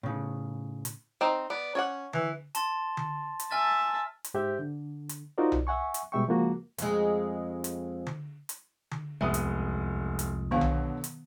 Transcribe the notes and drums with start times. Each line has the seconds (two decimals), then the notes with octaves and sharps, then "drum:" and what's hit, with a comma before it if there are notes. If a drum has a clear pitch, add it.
0.03 A2 C#3
0.85 drum: hi-hat
1.21 C4 D#4
1.50 B3 D5
1.75 C#4 C#5 D5 F#5
2.13 E3, drum: tom D3
2.55 A5 C6 A6, drum: hi-hat
2.97 drum: tom D3
3.40 drum: hi-hat
3.51 E5 G#5 A5 F6 A6
4.24 drum: hi-hat
4.34 G#2 G4 C5 E5 G6
4.59 D3
5.09 drum: hi-hat
5.38 D#4 F4 F#4 A#4 C5 D5
5.52 drum: tom B1
5.67 E5 F#5 G#5 C#6
5.94 drum: hi-hat
6.12 B2 G3 G#3 E5 G5 C#6
6.28 C#3 F3 G#3 A#3 F#4
6.78 F2 G#3, drum: hi-hat
7.64 drum: hi-hat
8.07 drum: tom D3
8.49 drum: hi-hat
8.91 drum: tom D3
9.21 D1 C2 F2 G#3 B3 E5 D#6
9.34 drum: hi-hat
10.19 drum: hi-hat
10.51 B2 D3 D#3 F#3 B3 F5
10.61 drum: tom B1
11.04 drum: hi-hat